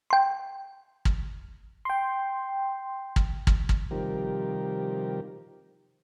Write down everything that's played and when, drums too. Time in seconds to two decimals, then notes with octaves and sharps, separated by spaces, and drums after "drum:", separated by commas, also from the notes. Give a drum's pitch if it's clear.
0.10 G5 C6
1.05 drum: kick
1.85 G5 C6
3.16 drum: kick
3.47 drum: kick
3.69 drum: kick
3.91 C3 D#3 F3 G3 G4 A#4